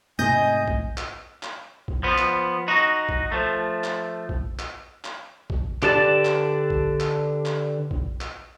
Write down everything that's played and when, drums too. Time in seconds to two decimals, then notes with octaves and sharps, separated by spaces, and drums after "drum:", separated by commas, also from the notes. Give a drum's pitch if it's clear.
0.19 G#2 C3 A3 D#5 G#5 D#6 G6
0.68 drum: kick
0.98 drum: clap
1.43 drum: clap
1.88 drum: kick
2.03 F3 B3
2.18 drum: clap
2.68 D#4 F#4
3.09 drum: kick
3.32 F3 A3
3.84 drum: clap
4.29 drum: kick
4.59 drum: clap
5.05 drum: clap
5.50 drum: kick
5.83 D3 G4 B4 D5 A5, drum: clap
6.25 drum: clap
6.70 drum: kick
7.00 drum: clap
7.46 drum: clap
7.91 drum: kick
8.21 drum: clap